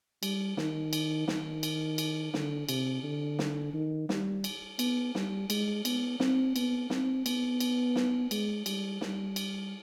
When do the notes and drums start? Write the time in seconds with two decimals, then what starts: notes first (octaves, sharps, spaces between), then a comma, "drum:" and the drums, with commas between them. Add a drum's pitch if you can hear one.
0.23 G3, drum: cymbal
0.57 D#3, drum: snare
0.93 drum: cymbal
1.28 D#3, drum: snare
1.63 drum: cymbal
1.98 drum: cymbal
2.34 D3, drum: snare
2.69 C3, drum: cymbal
3.03 D3
3.39 drum: snare
3.74 D#3
4.09 G3, drum: snare
4.44 drum: cymbal
4.79 B3, drum: cymbal
5.15 G3, drum: snare
5.50 G#3, drum: cymbal
5.85 B3, drum: cymbal
6.20 C4, drum: snare
6.56 B3, drum: cymbal
6.90 C4, drum: snare
7.26 B3, drum: cymbal
7.60 drum: cymbal
7.96 drum: snare
8.31 G#3, drum: cymbal
8.66 G3, drum: cymbal
9.01 G3, drum: snare
9.36 drum: cymbal